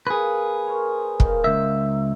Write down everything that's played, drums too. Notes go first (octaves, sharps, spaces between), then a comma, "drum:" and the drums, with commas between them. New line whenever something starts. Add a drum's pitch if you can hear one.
A#3 G#4 B4
A#4 C5 C#5
D#3 A#3, drum: kick
C#2 A#3 E5